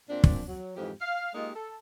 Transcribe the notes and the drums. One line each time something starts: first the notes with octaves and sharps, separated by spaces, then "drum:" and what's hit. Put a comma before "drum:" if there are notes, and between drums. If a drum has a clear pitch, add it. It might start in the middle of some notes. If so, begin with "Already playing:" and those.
A#2 C4 D4
drum: kick
F#3
F2 G#2 E3 G4
F5
G#3 A#3 D#4 F4 G4
A4